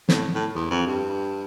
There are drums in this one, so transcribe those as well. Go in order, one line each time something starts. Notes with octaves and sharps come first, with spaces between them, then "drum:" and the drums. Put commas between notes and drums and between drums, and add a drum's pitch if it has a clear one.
A2, drum: snare
A2
E2
F2
G2